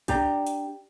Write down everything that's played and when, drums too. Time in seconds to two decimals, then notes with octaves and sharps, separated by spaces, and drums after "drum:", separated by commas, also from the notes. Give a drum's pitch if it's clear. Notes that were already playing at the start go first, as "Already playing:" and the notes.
0.08 D4 G4 D5 A#5, drum: kick A#1, hi-hat
0.47 drum: hi-hat